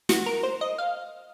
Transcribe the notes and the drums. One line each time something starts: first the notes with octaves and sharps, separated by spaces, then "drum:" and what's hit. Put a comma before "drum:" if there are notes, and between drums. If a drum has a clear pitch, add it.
F#4, drum: snare
A#4
C5
D#5
F5